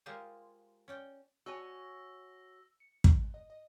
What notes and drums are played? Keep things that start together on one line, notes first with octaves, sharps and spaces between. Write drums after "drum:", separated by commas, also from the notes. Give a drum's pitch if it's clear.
G#3 A#3 F4 G4 C5 G#5
C#4 D5 G5
F#4 C#5 G#5 E6 A#6
C#7
G#2, drum: kick
D#5
D#5